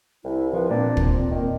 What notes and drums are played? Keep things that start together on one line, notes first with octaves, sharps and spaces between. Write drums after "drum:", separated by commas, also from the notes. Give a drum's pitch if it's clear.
C2 E4
F3 B4
A#2 C4 D4
drum: kick
D#3